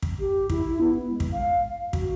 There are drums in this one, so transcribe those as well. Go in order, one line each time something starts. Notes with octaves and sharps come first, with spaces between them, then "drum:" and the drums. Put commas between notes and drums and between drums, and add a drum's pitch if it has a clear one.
drum: kick
G4
E4, drum: kick
B3
G#3
drum: kick
F5
F#4, drum: kick